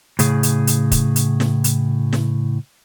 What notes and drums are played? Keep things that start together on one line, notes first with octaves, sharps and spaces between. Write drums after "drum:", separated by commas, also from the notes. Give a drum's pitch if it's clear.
A2 C#3 G#4, drum: hi-hat
drum: hi-hat
drum: hi-hat
drum: kick, hi-hat
drum: hi-hat
drum: snare
drum: hi-hat
drum: snare